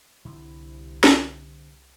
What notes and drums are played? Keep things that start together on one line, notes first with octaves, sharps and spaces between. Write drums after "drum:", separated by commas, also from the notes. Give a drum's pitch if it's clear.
C2 D3 C4 E4
drum: snare